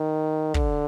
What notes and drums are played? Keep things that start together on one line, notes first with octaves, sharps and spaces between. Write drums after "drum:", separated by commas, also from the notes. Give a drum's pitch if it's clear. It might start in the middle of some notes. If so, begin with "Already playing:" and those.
Already playing: D#3
D3, drum: kick